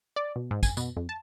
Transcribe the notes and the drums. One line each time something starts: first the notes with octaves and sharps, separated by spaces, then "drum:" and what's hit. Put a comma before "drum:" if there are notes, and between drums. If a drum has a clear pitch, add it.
D5
B2
G#2
G#5, drum: kick, tambourine
B2, drum: tambourine
F2
A5